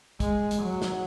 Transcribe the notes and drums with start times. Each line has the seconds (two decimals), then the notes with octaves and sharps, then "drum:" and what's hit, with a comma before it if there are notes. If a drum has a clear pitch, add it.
0.20 G#3, drum: kick, hi-hat
0.51 drum: hi-hat
0.62 F#3
0.82 drum: snare